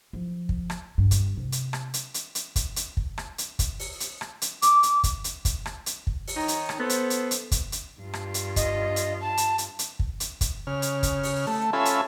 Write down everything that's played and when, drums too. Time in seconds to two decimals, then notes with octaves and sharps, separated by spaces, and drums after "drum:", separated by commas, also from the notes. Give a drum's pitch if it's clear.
0.13 F3
0.49 drum: kick
0.70 drum: rim click
0.98 G2
1.11 drum: kick, hi-hat
1.37 C3
1.52 drum: hi-hat
1.73 drum: rim click
1.94 drum: hi-hat
2.14 drum: hi-hat
2.35 drum: hi-hat
2.56 drum: kick, hi-hat
2.76 drum: hi-hat
2.97 drum: kick
3.18 drum: rim click
3.38 drum: hi-hat
3.59 drum: kick, hi-hat
3.80 drum: open hi-hat
4.00 drum: hi-hat
4.21 drum: rim click
4.42 drum: hi-hat
4.62 D6, drum: hi-hat
4.83 drum: hi-hat
5.04 drum: kick, hi-hat
5.24 drum: hi-hat
5.45 drum: kick, hi-hat
5.66 drum: rim click
5.86 drum: hi-hat
6.07 drum: kick
6.28 drum: open hi-hat
6.37 D#3 D#4 C#5 A#5
6.48 drum: hi-hat
6.69 drum: rim click
6.80 B3 A4 C5
6.90 drum: hi-hat
7.10 drum: hi-hat
7.31 drum: hi-hat
7.51 drum: kick, hi-hat
7.72 drum: hi-hat
8.00 G2 F4
8.13 drum: rim click
8.34 drum: hi-hat
8.56 D#5, drum: kick, hi-hat
8.96 drum: hi-hat
9.21 A5
9.37 drum: hi-hat
9.58 drum: hi-hat
9.79 drum: hi-hat
9.99 drum: kick
10.20 drum: hi-hat
10.41 drum: kick, hi-hat
10.67 C#3 F6
10.82 drum: hi-hat
11.03 drum: kick, hi-hat
11.23 drum: open hi-hat
11.47 A3
11.73 C#4 F4 A4 E5 G#5 B5
11.85 drum: hi-hat